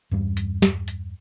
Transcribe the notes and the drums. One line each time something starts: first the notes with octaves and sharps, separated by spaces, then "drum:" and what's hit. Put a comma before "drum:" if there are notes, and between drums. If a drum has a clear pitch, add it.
E2 G2 G3
drum: hi-hat
drum: snare
drum: hi-hat